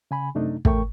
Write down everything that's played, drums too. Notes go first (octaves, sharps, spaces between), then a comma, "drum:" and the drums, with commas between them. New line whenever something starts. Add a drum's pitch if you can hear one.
C#3 G#5 B5
F#2 C3 A3 D4 D#4
E2 A2 A3 A#4 G5 C#6, drum: kick